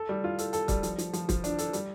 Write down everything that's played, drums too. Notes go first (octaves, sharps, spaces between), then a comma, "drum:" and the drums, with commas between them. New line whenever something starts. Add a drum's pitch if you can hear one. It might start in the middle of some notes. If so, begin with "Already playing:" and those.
Already playing: A4
G3
F4
A4, drum: hi-hat
A4, drum: hi-hat
G3, drum: kick, hi-hat
F3, drum: hi-hat
F3, drum: hi-hat
F3, drum: hi-hat
F3, drum: kick, hi-hat
D4, drum: hi-hat
A4, drum: hi-hat
G3, drum: hi-hat